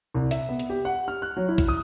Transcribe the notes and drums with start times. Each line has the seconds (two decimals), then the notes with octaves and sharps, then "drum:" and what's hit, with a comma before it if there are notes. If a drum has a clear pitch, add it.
0.14 C2
0.31 E5, drum: hi-hat
0.49 B3
0.59 drum: hi-hat
0.69 G4
0.85 F#5
1.08 F6
1.22 F#6
1.37 F#3
1.49 E4
1.58 drum: kick A#1, hi-hat
1.68 D#6